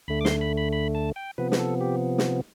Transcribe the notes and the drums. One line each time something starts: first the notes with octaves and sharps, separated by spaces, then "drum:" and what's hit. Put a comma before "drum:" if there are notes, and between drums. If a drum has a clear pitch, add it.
D2 D3 A3 B5
D6
C6, drum: snare
B5
B5
B5
A5
G5
C3 F3 B3 B4
B4, drum: snare
A4
G4
drum: snare